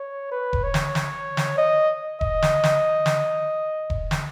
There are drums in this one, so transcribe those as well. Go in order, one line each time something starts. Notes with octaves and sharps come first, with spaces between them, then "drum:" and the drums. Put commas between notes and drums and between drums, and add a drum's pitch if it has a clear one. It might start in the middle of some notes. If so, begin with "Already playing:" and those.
Already playing: C#5
B4
drum: kick E1
C#5
drum: snare
drum: snare
drum: snare
D#5
D#5, drum: kick E1
drum: snare
drum: snare
drum: snare
drum: kick E1
drum: snare